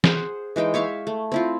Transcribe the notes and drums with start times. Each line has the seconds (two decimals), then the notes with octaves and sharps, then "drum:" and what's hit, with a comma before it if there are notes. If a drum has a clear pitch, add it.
0.04 G#4 C5 F#5, drum: snare E3
0.56 E3 G#3 D#4 G5
0.74 C#5 E5 F5 C#6
1.07 A3
1.32 C4 E4 F4